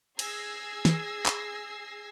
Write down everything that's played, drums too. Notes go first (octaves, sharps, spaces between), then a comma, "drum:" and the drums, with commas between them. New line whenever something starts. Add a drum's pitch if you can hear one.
G#4 E6 G#6 A#6 C7, drum: cymbal
drum: snare
drum: clap